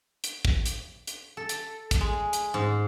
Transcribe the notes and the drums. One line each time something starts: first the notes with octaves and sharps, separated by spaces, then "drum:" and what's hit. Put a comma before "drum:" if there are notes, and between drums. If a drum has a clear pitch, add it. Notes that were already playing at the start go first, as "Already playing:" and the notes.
drum: hi-hat
drum: kick
drum: hi-hat
drum: hi-hat
A4
drum: hi-hat
drum: kick, hi-hat
G#3
drum: hi-hat
G#2